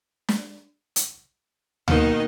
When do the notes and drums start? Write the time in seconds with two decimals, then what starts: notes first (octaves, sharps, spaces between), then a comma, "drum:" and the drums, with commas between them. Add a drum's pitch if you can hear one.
0.29 drum: snare
0.96 drum: hi-hat
1.88 B2 D#3 A#3 D#4, drum: tom D2